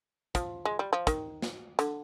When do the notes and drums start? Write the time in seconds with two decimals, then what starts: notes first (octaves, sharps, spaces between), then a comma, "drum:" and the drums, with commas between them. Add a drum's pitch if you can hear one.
0.35 F3, drum: kick, hi-hat
0.65 G#3
0.79 G3
0.93 F3
1.07 D#3, drum: kick, hi-hat
1.42 drum: snare
1.79 D3, drum: hi-hat